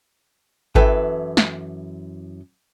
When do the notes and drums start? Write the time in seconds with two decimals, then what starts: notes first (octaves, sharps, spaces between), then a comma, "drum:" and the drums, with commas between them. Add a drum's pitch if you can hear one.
0.75 F#2 E3 A4 B4 G5, drum: kick G#1
1.37 drum: snare